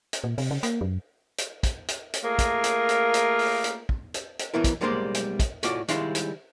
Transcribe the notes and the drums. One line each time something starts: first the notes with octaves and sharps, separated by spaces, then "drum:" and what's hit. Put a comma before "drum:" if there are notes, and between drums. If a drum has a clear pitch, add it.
drum: hi-hat
A#2
C3, drum: open hi-hat
C#3
A#3, drum: hi-hat
F#2
drum: hi-hat
drum: kick, hi-hat
drum: hi-hat
drum: hi-hat
A3 A#3 F4 G#4 A#4
drum: kick, hi-hat
drum: hi-hat
drum: hi-hat
drum: hi-hat
drum: open hi-hat
drum: hi-hat
drum: kick
drum: hi-hat
drum: hi-hat
B1 B2 E3 E4 A#4
drum: kick, hi-hat
B1 G3 G#3 A#3 C5 D5
drum: hi-hat
drum: kick, hi-hat
A2 F4 F#4 D5, drum: hi-hat
D#3 G3 G#3 E4 F5 C6, drum: hi-hat
drum: hi-hat